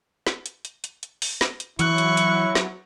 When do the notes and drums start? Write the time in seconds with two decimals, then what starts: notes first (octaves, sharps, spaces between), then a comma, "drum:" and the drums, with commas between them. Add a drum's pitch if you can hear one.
0.27 drum: snare
0.46 drum: hi-hat
0.65 drum: hi-hat
0.84 drum: hi-hat
1.03 drum: hi-hat
1.22 drum: open hi-hat
1.41 drum: snare
1.60 drum: hi-hat
1.79 E3 F#3 E4 C#6 F#6, drum: hi-hat
1.98 drum: hi-hat
2.17 drum: hi-hat
2.55 drum: snare